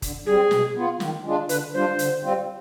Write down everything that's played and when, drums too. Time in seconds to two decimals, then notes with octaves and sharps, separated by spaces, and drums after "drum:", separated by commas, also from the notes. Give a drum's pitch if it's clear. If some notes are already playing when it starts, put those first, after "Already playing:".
0.02 D3, drum: kick F1, hi-hat
0.26 G3 C4 G#4
0.51 B2, drum: snare
0.76 B3 F4
1.00 D#3, drum: snare
1.25 G#3 D4 F4
1.49 D3 B4, drum: hi-hat
1.74 G3 D4 F4 C5
1.99 D3, drum: hi-hat
2.23 G3 C4 F4